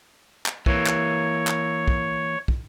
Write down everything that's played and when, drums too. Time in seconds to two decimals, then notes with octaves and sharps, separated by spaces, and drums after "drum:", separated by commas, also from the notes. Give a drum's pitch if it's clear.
0.46 drum: clap
0.66 E3 A#3 C#5, drum: kick
0.86 drum: clap
1.47 drum: clap
1.88 drum: kick
2.48 drum: kick